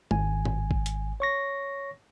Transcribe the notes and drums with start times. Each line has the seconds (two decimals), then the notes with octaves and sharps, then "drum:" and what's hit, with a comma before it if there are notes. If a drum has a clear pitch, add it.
0.11 G#1 G#5, drum: tom
0.45 drum: tom A2
0.71 drum: kick
0.86 drum: hi-hat
1.20 C#5 C#6 A#6